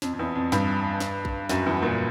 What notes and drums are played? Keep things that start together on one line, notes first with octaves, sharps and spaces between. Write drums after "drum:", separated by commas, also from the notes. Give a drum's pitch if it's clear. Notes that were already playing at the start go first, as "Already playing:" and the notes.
F2, drum: snare
F2
E2
F2
G2, drum: snare
drum: snare
drum: kick A#1
F#2, drum: snare
E2
A#2